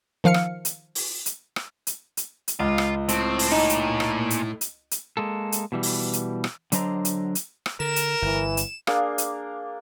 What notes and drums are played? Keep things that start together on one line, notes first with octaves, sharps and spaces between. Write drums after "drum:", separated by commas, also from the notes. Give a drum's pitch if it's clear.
D#3 F3 F5 F6 C#7
drum: rim click
drum: hi-hat
drum: open hi-hat
drum: hi-hat
drum: rim click
drum: hi-hat
drum: hi-hat
drum: hi-hat
C#2 F4
drum: rim click
A2 C4, drum: hi-hat
drum: open hi-hat
A#2 D#4
drum: hi-hat
drum: rim click
drum: hi-hat
drum: hi-hat
drum: hi-hat
G#3 A#3 A4
drum: hi-hat
B2 E3 G3
drum: open hi-hat
drum: hi-hat
drum: rim click
D3 F#3 D4 C5 D#5 A#5, drum: hi-hat
drum: hi-hat
drum: hi-hat
drum: rim click
D3 A#4 E7
drum: hi-hat
G1 E3
drum: hi-hat
A#3 D4 G#4, drum: rim click
drum: hi-hat